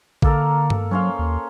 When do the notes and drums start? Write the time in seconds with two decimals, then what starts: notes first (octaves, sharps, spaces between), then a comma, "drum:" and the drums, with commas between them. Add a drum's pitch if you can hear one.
0.22 D3 A#3 A4 A#4, drum: kick A1
0.70 drum: tom G2
0.91 F#3 C#4 C5 F5
1.19 D#2